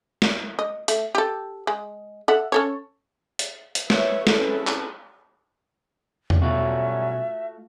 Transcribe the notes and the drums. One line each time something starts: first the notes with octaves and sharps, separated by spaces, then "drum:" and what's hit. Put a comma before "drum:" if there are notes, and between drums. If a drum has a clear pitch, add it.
drum: snare
D#5
A3, drum: hi-hat
G4 A4
G#3
A4 E5 F#5
C#4 A4 C#5
drum: hi-hat
drum: hi-hat
B4 C#5 E5, drum: snare
C4 C#4 E4 G#4 A4 B4, drum: snare
drum: clap
drum: tom E2
G2 B2 F#3 A3 C#4 F4 F#4 E5